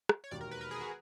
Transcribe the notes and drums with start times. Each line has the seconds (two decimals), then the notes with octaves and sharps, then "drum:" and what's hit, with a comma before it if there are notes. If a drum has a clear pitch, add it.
0.09 drum: rim click
0.24 C#5
0.31 E1 D#2 D#3 F#3 D5
0.41 A#4
0.51 B4
0.61 A#4
0.71 G#4
0.80 F#4